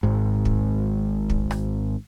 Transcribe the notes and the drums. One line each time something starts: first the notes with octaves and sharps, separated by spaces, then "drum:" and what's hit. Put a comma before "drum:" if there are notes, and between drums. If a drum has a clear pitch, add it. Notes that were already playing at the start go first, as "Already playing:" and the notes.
G#1 G#2
drum: kick
drum: kick
drum: rim click